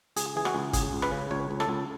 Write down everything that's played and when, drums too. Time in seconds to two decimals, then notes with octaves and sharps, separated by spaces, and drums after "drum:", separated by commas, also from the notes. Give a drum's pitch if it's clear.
0.16 C#2 G#4, drum: hi-hat
0.35 E3 G#4
0.45 F#4, drum: rim click
0.55 C#2
0.73 C#3 G#4, drum: kick, hi-hat
0.93 C#2
1.02 B4, drum: rim click
1.12 C#3
1.31 C#2 C#5
1.51 C#2
1.60 A4, drum: rim click
1.69 C#2